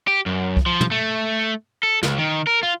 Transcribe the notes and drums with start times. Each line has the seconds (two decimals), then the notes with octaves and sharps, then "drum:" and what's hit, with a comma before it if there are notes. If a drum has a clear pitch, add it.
0.08 G4
0.26 F#2
0.57 drum: kick
0.66 F3
0.81 drum: tom
0.91 A3
1.83 A4
2.03 C#2, drum: snare
2.18 D#3
2.47 A#4
2.63 F4